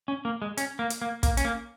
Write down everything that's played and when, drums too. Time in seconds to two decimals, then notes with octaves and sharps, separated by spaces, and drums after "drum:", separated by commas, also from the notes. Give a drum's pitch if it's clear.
0.08 C#4
0.25 A#3
0.42 G#3
0.57 C#4, drum: hi-hat
0.79 A#3
0.90 drum: hi-hat
1.02 A#3
1.23 A#3, drum: kick, hi-hat
1.37 C#4, drum: hi-hat
1.45 A#3